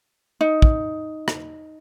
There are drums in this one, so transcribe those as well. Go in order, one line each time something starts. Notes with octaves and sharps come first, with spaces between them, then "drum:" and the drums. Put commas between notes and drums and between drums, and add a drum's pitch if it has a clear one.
D#4
drum: kick
drum: rim click